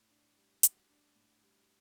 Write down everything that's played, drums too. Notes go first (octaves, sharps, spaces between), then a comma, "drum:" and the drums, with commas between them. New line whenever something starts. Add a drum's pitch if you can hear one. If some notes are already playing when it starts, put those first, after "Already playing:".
Already playing: A2
D4
G3
F#4, drum: hi-hat
D4
A2
G3